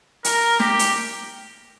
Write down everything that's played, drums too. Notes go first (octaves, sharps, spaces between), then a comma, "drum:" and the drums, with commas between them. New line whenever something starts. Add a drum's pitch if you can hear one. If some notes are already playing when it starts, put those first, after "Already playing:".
A#4, drum: hi-hat
G4, drum: snare
drum: hi-hat